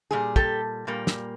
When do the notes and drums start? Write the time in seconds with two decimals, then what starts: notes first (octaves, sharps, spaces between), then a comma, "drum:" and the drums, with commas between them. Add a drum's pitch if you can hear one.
0.11 A#2 G3 G#4
0.36 G4 A4, drum: kick
0.87 A#2 G3 A#3
1.07 drum: snare